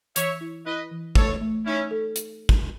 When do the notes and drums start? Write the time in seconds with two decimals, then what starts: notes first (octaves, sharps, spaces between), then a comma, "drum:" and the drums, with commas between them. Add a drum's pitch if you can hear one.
0.16 E3 C#5 E5, drum: hi-hat
0.41 E4
0.66 E4 B4 D#5
0.91 E3
1.15 A3 A4 C#5, drum: kick
1.41 A3
1.65 C#4 D#4 E4
1.91 A4
2.16 drum: hi-hat
2.49 drum: kick